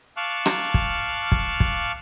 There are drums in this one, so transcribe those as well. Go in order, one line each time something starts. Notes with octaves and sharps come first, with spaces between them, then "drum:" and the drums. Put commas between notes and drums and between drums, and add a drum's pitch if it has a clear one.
F5 A5 C#6 D6 F6 F#6
drum: rim click
drum: kick
drum: kick
drum: kick